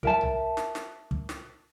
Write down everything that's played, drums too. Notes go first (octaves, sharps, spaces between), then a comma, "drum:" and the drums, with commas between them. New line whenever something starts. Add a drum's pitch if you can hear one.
A#4 E5 A5, drum: kick
drum: tom B1
drum: snare
drum: snare
drum: kick
drum: snare